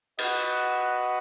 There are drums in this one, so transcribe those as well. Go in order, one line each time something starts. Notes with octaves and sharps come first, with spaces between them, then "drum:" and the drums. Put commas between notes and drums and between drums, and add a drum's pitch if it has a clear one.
F#4 B4 D#5 F#5, drum: cymbal